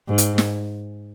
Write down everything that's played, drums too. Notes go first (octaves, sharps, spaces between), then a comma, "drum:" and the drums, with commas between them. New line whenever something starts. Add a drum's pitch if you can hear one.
G#2
drum: hi-hat
drum: snare